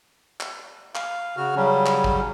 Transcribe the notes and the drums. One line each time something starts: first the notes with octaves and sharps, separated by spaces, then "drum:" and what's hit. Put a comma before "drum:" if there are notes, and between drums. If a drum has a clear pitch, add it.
drum: clap
F5, drum: clap
C#3 F#4 F6
C#3 F#3 G3 C#4
drum: clap
drum: kick